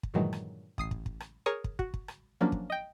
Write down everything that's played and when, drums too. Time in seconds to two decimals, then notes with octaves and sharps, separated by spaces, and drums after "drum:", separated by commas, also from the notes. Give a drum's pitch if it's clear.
0.03 drum: kick
0.14 G2 A#2 D#3 E3 F#3 G#3
0.33 drum: rim click
0.78 A1 D#6 C7, drum: kick
0.91 drum: kick
1.06 drum: kick
1.20 drum: rim click
1.46 G#4 A#4 C#5 G#5 C#6 D#6
1.64 drum: kick
1.79 F#4, drum: kick
1.94 drum: kick
2.08 drum: rim click
2.41 F3 F#3 A#3 C#4 D4
2.52 drum: kick
2.70 D#5 G5